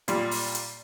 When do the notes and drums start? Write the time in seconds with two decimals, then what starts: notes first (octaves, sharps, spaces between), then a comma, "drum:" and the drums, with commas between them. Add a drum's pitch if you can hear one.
0.08 A#2 G3, drum: hi-hat
0.31 drum: open hi-hat
0.55 drum: hi-hat